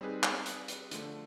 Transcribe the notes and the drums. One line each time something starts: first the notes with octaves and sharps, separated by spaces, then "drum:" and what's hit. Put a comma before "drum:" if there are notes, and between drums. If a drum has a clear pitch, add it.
G3 C4 D#4 G#4 B4
drum: clap
drum: hi-hat
drum: hi-hat
D3 F3 A3, drum: hi-hat